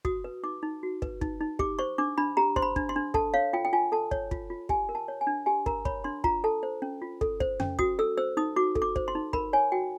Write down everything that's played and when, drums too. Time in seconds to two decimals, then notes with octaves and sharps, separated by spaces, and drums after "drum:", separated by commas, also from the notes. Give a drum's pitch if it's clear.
0.05 F#4 D#6, drum: kick
0.24 B4
0.43 D#4 D6
0.63 D#4
0.83 F#4
1.02 B4, drum: kick
1.21 D#4, drum: kick
1.41 D#4
1.59 G4 D6, drum: kick
1.79 C5 C#6
1.98 D4 D6
2.18 D4 B5
2.37 G4 A#5
2.56 C5 C6, drum: kick
2.62 B5
2.76 D4, drum: kick
2.89 C6
2.96 D4
3.14 A4 A5, drum: kick
3.34 C#5 F5
3.53 F4 G5
3.65 G5
3.73 F4 G#5
3.92 A4 A5
4.11 C#5, drum: kick
4.31 F4, drum: kick
4.50 F4
4.69 G4 G#5, drum: kick
4.89 A#4
4.95 A5
5.08 C#5
5.21 G#5
5.27 D4
5.46 G4 G#5
5.66 A#4 A#5, drum: kick
5.85 C#5 B5, drum: kick
6.04 D4 C6
6.24 F4 A#5, drum: kick
6.44 A4 A5
6.63 C5
6.82 C#4
7.02 F4
7.21 A4, drum: kick
7.40 C5, drum: kick
7.60 C#4, drum: tom F2
7.79 F#4 D#6, drum: kick
7.99 A4 E6
8.18 C5 E6
8.37 D#4 D#6
8.56 F#4 D6
8.75 A4, drum: kick
8.82 D6
8.96 C5, drum: kick
9.08 C6
9.15 D#4
9.33 A#4 B5, drum: kick
9.53 C#5 G#5
9.72 F#4 G5